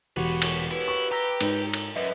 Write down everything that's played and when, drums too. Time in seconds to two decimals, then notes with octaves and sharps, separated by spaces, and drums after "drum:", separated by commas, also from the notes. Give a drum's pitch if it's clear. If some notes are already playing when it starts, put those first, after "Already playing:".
0.17 E1 F#4 G4 B4 C#5 F#5
0.42 drum: cymbal
0.71 E4 B4
0.88 C#6
1.12 G4 A#5 E6 A#6
1.41 G#2, drum: cymbal
1.74 drum: cymbal
1.96 F#2 B4 D#5 E5